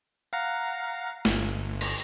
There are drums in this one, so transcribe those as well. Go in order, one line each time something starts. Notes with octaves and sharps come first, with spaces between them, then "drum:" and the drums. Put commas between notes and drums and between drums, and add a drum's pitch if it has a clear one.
F5 F#5 A#5
G1, drum: snare
drum: cymbal